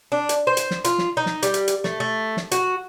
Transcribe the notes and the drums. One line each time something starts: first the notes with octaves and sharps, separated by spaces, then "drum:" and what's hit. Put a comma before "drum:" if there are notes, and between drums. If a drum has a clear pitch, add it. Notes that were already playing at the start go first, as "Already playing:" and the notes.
D4
drum: hi-hat
C5
drum: hi-hat
drum: snare
F4, drum: hi-hat
drum: snare
D#4
drum: snare
G3, drum: hi-hat
drum: hi-hat
drum: hi-hat
A3, drum: snare
A3
drum: snare
F#4, drum: hi-hat